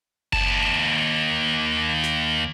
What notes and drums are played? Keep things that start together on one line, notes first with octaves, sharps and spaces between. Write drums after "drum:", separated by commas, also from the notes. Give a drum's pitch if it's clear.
D#2 A5, drum: kick F#1
drum: snare